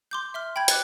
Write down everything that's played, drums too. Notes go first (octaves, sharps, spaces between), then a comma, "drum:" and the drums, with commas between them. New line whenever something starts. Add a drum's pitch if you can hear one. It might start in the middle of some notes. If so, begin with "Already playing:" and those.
C6 D6 G6
E5 C6 F6
G5 B5 G6 G#6
D6 F#6 A6 C#7, drum: hi-hat